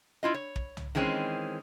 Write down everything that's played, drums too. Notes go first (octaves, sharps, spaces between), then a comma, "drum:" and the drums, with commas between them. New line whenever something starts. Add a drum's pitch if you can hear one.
E4 F4 D#5
C#5
drum: kick
drum: tom C2
D#3 E3 G#3 C4 C#4